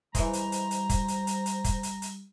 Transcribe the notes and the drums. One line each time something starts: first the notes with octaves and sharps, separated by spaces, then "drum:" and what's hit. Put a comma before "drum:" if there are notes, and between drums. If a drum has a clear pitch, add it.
E3 G3 G#3 C5 A#5, drum: kick, hi-hat
drum: hi-hat
drum: hi-hat
drum: hi-hat
drum: kick, hi-hat
drum: hi-hat
drum: hi-hat
drum: hi-hat
drum: kick, hi-hat
drum: hi-hat
drum: hi-hat